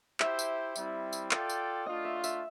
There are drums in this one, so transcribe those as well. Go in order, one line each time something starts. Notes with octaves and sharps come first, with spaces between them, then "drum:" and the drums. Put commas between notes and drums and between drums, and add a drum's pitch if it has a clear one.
E4 G4 C5 E5, drum: clap
drum: tambourine
G3 C4 E4, drum: tambourine
drum: tambourine
F4 A4 D5 G5, drum: clap
drum: tambourine
A3 D4 F4 D#5
E5
E5, drum: tambourine